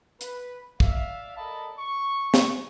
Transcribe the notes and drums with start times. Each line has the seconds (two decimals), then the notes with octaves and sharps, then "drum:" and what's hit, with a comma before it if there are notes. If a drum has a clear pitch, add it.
0.21 B4, drum: hi-hat
0.80 D5 E5 F5, drum: kick
1.37 A4 A#4 D5 D#5 A5 B5
1.79 C#6
2.34 drum: snare